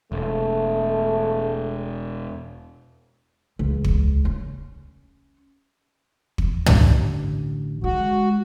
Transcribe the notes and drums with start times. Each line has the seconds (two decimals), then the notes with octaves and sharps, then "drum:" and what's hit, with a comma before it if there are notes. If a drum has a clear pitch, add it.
0.12 E1 A3
3.59 C#2
3.84 drum: kick
4.25 C#4
6.38 drum: kick
6.66 A1 D3, drum: tom
7.84 G#3 F#4